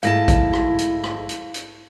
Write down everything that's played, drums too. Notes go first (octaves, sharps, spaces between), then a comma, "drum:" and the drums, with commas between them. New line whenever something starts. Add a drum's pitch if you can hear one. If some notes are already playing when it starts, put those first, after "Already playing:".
G#2 A3 E4 F5 A5 A#6, drum: hi-hat
drum: kick A1, hi-hat
drum: rim click
drum: hi-hat
drum: rim click
drum: hi-hat
drum: hi-hat